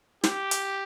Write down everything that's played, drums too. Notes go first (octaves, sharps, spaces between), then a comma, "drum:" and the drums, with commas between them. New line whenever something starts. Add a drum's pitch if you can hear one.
G4, drum: snare
drum: hi-hat